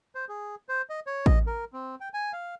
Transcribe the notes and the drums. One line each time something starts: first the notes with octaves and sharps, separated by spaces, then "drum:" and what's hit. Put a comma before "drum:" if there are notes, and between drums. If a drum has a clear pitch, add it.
C5
G#4
C5
D#5
C#5
D#5, drum: kick A1
A#4
C4
G5
G#5
F5